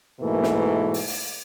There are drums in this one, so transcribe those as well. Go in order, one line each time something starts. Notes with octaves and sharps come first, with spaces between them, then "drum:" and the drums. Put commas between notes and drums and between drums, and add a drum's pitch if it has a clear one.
G#2 B2 E3 A3 A#3
drum: snare
drum: open hi-hat
drum: open hi-hat